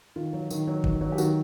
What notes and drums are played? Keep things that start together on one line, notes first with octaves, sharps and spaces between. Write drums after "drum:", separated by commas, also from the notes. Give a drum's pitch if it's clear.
D#3 F4
F#3
D#3, drum: tambourine
F#3
D#3, drum: kick G1
F#3
G4
D#3 F#4, drum: tambourine